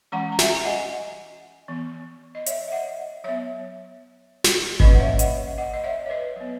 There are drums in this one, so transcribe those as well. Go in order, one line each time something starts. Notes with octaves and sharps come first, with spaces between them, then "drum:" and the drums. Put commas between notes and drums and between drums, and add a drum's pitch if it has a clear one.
E3 G#3 C#4 F#5 A#5
A#5
E5 G#5, drum: snare
G#5
D#5 F#5
E3 B3
D#5
C#5 E5, drum: hi-hat
E5
D#5 F#5
F#3 B3 C#5 E5
drum: snare
E3 A#3 C#4 B4 D#5, drum: kick G#1
F#5
C#5 E5
D#5 F#5, drum: hi-hat
D#5 F#5
D#5
C#5 E5
C#5
B4 D#5
F#3 B3